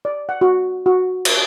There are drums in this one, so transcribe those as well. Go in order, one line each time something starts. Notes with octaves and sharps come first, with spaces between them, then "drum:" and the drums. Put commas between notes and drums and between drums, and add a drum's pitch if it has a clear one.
D5
F#5
F#4
F#4
drum: cymbal